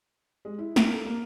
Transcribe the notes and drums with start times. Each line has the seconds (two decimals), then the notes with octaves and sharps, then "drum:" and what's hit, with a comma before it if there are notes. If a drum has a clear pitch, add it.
0.45 G#3
0.58 E4
0.76 A#3, drum: snare
0.93 A4
1.05 A#3